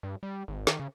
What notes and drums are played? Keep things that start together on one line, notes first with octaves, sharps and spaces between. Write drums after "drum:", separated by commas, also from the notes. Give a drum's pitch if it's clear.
G2
G3
G#1
D#3, drum: snare
C#3